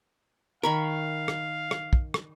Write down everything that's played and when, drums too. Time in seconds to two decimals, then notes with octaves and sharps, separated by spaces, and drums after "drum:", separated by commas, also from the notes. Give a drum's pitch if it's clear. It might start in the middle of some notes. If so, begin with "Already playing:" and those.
0.63 D#3 A#4 F5 B5 C#6
1.28 drum: rim click
1.71 drum: rim click
1.93 drum: kick
2.14 drum: rim click